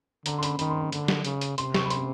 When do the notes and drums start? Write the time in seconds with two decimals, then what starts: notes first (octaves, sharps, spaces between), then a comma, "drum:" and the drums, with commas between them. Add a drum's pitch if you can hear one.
0.26 D3 A#5, drum: hi-hat
0.38 C6
0.43 B5, drum: hi-hat
0.59 D#3 B5, drum: hi-hat
0.70 C6
0.80 B5
0.92 D3, drum: hi-hat
1.08 drum: snare
1.25 C#3, drum: hi-hat
1.41 drum: hi-hat
1.58 C3 C6, drum: hi-hat
1.74 C#6, drum: snare
1.85 B5
1.90 C6, drum: hi-hat